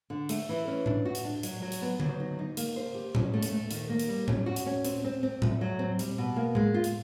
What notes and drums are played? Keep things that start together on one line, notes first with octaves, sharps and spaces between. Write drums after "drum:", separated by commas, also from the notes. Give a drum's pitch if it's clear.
D3
A3, drum: hi-hat
E3
C#4
D4, drum: tom A2
F#4
drum: hi-hat
D4
F#3, drum: hi-hat
F#3
drum: hi-hat
B3
F#3, drum: tom D3
D#4
D#4
A#3, drum: hi-hat
C5
G4
C#4, drum: tom A2
A3
drum: hi-hat
A3
D#3, drum: hi-hat
A#3
drum: hi-hat
G3
C#4, drum: tom A2
F#4
drum: hi-hat
C#4
C4, drum: hi-hat
C4
C4
A3, drum: tom A2
F#3
C4
G3, drum: hi-hat
B2
A#3
G#3, drum: tom A2
F4
drum: hi-hat